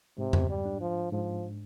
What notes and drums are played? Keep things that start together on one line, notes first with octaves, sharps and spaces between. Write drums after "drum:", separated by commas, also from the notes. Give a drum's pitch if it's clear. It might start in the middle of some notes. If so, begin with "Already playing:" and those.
G#2 C3
drum: tom F2
G3
D4
F3
G#2 F3